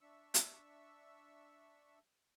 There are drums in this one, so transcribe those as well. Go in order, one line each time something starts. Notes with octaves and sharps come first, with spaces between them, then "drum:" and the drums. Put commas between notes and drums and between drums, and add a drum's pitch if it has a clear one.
D4 E5 C#6 E6
drum: hi-hat